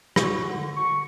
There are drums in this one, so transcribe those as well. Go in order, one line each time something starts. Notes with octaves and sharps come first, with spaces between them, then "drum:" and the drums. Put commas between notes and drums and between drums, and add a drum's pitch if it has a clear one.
F#4, drum: rim click
D3
C#6